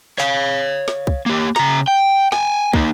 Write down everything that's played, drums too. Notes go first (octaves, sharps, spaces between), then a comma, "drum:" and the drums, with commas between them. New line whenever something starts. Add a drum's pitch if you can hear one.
C#5 F5, drum: clap
drum: snare
drum: kick
A#3 G4
C#3 A#5, drum: snare
G5
G5 G#5, drum: snare
A#3 D#4, drum: kick